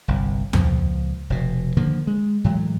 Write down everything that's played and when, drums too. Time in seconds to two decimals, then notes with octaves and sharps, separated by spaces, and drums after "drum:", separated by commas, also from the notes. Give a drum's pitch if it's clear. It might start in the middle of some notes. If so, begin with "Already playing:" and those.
0.08 G1 C2
0.53 C#2 A#2 F3, drum: tom E2
1.30 F1 B2
1.77 D3 D#3 F3 A#3
2.07 G#3
2.44 A2 E3 F#3 G#3